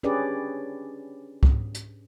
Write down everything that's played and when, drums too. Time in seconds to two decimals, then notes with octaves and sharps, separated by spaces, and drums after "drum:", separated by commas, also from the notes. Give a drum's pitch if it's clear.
0.03 C#4 D4 G4 G#4 B4 D5
1.43 drum: kick C#2
1.74 drum: hi-hat